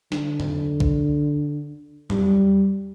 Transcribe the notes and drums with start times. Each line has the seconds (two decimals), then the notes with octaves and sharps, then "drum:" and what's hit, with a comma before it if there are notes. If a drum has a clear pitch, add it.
0.12 D3, drum: snare
0.40 drum: tom E2
0.80 drum: kick B1
2.10 G3, drum: tom E2